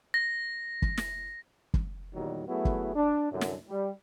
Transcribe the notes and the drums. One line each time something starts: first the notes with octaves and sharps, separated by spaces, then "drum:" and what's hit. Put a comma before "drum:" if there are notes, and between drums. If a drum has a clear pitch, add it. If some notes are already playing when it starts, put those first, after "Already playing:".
A#6
drum: kick
drum: snare
drum: kick
E2 A#2 D#3 F#3 G3
F#3 A3 B3 E4 F#4 G#4
drum: kick
D4
C2 F#2 D3
drum: snare
G3